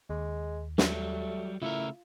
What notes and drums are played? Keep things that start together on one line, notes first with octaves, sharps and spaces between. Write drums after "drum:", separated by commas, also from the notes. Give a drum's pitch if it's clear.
D#2 G#3
F#3 G3 A3, drum: snare
C#3 A3 E4 F4 A#4